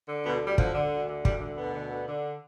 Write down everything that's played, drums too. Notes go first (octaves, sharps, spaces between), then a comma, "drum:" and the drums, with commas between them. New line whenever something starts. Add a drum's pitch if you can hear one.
D3
D2 B2 B3
D2 G3
D3 F3, drum: kick
D3
D2
D3
D2 G2 G3, drum: kick
D3
D2 B2 B3
D3
D3
D3